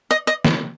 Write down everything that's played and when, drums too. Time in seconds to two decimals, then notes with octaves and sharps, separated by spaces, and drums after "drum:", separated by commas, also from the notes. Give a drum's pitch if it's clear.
0.11 D#5
0.27 D#5
0.45 drum: snare